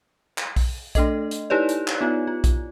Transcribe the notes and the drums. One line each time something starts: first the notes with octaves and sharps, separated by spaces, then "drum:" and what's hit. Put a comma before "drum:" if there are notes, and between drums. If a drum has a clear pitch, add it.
drum: clap
drum: kick, open hi-hat
A3 D4 A4 D#5, drum: kick, hi-hat
drum: hi-hat
D#4 E4 G4 B4 C#5 D5
drum: hi-hat
drum: clap
B3 D#4 F4
F4
drum: kick, hi-hat